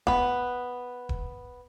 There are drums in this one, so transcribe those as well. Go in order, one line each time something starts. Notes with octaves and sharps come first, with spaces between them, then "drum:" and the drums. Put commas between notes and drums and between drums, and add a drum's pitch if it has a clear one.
B3 B5, drum: kick D#1
drum: kick D#1